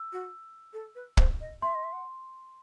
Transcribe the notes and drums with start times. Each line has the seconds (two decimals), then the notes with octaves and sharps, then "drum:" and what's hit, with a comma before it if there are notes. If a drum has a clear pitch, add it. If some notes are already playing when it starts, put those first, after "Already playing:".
Already playing: E6
0.13 F#4
0.73 A4
0.95 B4
1.17 C5, drum: kick
1.40 D#5
1.62 E5 C6
1.75 D#5
1.84 E5
1.93 F#5